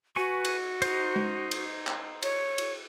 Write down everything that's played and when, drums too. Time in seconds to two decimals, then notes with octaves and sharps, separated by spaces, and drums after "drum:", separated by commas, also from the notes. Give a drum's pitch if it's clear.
0.16 F#4 B4 G#5 C#6
0.45 drum: cymbal
0.82 D#4 C5, drum: cymbal
1.16 drum: tom G#3
1.51 drum: cymbal
1.87 drum: clap
2.23 C#5, drum: cymbal
2.58 drum: cymbal